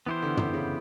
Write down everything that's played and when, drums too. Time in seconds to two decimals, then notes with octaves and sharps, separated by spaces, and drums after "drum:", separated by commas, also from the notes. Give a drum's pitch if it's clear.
0.06 E3 B3 E4 G4 C5
0.22 D3
0.37 D3, drum: tom
0.53 C#3